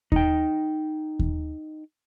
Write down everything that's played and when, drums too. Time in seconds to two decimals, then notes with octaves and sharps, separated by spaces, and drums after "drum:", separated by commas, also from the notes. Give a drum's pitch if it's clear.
0.12 D#4 G5, drum: kick D#2
1.19 drum: kick D#2